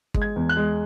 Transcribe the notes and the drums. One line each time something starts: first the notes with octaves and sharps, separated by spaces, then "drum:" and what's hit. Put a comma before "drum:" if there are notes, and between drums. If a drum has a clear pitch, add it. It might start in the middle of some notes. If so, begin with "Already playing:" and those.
G#3, drum: kick
G#6
E2
F#6
G#3